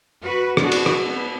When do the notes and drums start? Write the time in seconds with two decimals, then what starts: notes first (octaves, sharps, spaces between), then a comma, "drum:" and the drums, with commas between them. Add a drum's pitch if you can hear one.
0.21 F#4 B4
0.57 B3 D4 F#4 G#4, drum: rim click
0.72 drum: cymbal
0.86 drum: rim click
1.06 B3